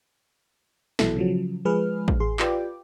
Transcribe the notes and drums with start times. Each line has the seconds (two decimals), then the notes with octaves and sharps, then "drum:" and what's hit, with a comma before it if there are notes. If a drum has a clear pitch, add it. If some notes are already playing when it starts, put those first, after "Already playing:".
0.99 A#1 B2 E3 F#3 E4 A4, drum: snare
1.16 C#3 F3 F#3
1.65 F3 G#3 G#4 B4 F6
2.08 drum: kick
2.20 A1 G#4 C6
2.40 F4 G4 B4 D5 G5 D6, drum: clap